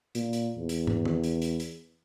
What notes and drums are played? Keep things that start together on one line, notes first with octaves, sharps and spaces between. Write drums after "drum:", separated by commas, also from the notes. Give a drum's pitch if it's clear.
A#2, drum: hi-hat
drum: hi-hat
E2
drum: hi-hat
drum: tom
drum: tom
drum: hi-hat
drum: hi-hat
drum: hi-hat